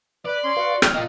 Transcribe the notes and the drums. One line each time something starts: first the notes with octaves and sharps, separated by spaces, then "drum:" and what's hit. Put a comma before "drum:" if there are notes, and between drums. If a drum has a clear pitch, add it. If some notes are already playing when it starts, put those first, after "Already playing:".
B4 D5
C#4 C6
F#4 B4 F5
G5 F6, drum: rim click
A#3 F4 D#5